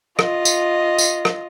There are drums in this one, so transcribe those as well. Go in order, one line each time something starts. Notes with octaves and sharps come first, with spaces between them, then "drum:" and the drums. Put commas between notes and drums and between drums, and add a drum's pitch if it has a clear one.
F4 D#5, drum: rim click
drum: tambourine
drum: tambourine
drum: rim click